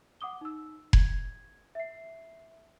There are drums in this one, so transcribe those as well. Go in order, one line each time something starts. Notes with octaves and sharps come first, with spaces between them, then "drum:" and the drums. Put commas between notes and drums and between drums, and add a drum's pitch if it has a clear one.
F#5 D6 D#6 G7
D#4 E6
G#6, drum: kick F1
E5 C7